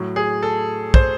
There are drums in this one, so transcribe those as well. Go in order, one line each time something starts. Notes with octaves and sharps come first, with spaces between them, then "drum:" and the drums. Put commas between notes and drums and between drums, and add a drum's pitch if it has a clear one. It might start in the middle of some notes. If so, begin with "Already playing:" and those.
Already playing: A2 F#3
G#4
A4
C5, drum: kick